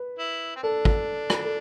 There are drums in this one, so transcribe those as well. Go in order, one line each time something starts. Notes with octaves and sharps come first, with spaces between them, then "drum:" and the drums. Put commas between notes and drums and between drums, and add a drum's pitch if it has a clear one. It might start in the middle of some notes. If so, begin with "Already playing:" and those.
Already playing: B4
E4
C4
D4 A4
drum: kick G#1
drum: rim click
A4